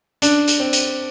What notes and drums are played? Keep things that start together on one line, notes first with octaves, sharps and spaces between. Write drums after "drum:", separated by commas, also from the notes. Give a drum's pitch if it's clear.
D4, drum: hi-hat
drum: hi-hat
C4
drum: hi-hat